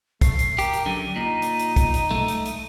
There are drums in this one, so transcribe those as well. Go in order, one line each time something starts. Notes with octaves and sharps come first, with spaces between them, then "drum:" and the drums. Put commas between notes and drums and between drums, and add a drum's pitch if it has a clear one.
A3 C7, drum: kick, hi-hat
drum: hi-hat
G4 A#4 G5, drum: hi-hat
drum: hi-hat
F#2 D3 D#7
A#2 D#4 D#7
drum: hi-hat
drum: hi-hat
drum: kick, hi-hat
drum: hi-hat
A3, drum: tom
drum: hi-hat
drum: hi-hat